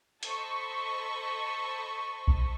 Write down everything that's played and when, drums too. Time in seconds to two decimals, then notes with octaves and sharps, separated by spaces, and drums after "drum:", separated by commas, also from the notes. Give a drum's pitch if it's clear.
0.23 A4 C5 D#5 B5 C#6, drum: hi-hat
2.28 drum: kick B1